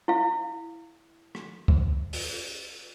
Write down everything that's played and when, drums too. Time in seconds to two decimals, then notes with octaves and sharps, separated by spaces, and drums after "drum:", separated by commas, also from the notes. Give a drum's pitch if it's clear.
0.08 E4 F5
1.35 drum: rim click
1.68 drum: kick C2
2.13 drum: open hi-hat